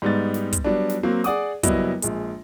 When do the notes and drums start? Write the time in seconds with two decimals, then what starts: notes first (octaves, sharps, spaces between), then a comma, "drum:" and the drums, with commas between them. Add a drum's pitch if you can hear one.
0.02 G#2 G3 B3 D#4 A6
0.34 drum: snare
0.53 drum: kick, hi-hat
0.64 F#3 G3 B3 D4
0.89 drum: snare
1.03 F#3 A#3 C4
1.24 G#4 D5 F#5 D6 D#6, drum: snare
1.63 F#1 F#3 G3 B3 E4 D#5, drum: kick, hi-hat
2.02 A#1 G#3, drum: hi-hat